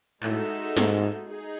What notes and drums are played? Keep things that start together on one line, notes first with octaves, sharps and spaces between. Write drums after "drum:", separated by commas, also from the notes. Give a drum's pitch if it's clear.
A2 G#3 D#4 F#4 A4 E5, drum: clap
G#2, drum: snare
D#4 G#4